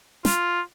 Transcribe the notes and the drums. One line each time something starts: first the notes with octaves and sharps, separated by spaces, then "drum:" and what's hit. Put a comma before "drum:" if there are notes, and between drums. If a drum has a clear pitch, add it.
F4, drum: snare